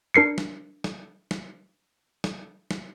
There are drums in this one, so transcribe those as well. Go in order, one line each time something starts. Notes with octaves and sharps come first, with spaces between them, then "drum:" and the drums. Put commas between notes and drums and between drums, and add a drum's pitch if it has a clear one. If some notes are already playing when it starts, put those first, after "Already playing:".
D4 A#4 C7 C#7
drum: snare
drum: snare
drum: snare
drum: snare
drum: snare